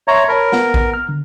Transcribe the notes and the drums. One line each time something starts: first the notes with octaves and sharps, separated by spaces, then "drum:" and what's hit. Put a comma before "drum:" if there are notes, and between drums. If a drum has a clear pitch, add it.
C#5 E5 A#5 C6
A#4 C#5 A5 B5
B3 F#5, drum: snare
drum: kick A#1
F6
D3